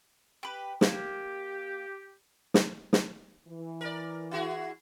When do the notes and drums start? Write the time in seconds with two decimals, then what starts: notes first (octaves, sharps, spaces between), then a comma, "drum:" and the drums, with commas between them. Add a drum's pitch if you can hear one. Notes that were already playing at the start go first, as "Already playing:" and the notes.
0.43 G4 B4
0.81 A#3 G4, drum: snare
2.54 drum: snare
2.93 drum: snare
3.48 E3
3.81 A#4 D5
4.31 E4 F#4 G#4